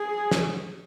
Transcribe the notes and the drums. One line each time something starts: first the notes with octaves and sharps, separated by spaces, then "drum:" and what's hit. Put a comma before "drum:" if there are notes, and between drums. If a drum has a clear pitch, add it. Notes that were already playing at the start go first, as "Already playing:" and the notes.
Already playing: G#4
drum: snare